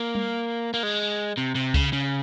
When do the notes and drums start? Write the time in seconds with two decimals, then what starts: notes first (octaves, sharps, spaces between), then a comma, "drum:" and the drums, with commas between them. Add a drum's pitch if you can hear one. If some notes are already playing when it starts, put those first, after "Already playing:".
Already playing: A#3
0.15 drum: tom G3
0.74 A#3
0.83 G#3
1.38 C3
1.55 C3
1.74 C#3, drum: kick C2
1.93 C#3